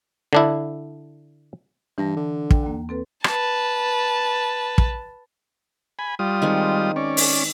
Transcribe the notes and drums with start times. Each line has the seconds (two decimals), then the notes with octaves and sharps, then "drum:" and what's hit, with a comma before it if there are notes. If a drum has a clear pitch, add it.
0.33 D3 D4 E4
1.98 G2 E3 A5 A#6
2.17 D3
2.51 G5, drum: kick
2.63 D#2 A#3
2.89 C4 A4 B4
3.24 B4 A5, drum: rim click
4.78 drum: kick
5.99 G#5 B5
6.19 G3 F4 D#6
6.42 D#3 G#3 C4
6.96 C#4 D5
7.17 drum: open hi-hat